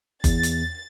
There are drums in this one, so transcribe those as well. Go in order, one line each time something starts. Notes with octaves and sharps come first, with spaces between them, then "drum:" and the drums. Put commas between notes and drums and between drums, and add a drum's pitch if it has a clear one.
E2 A6, drum: kick F#1, hi-hat
drum: hi-hat